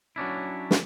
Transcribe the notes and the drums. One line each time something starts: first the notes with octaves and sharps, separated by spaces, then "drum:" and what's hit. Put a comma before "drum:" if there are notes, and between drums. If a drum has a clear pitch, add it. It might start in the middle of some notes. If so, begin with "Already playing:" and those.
F#3 C#4 D4 E4
drum: snare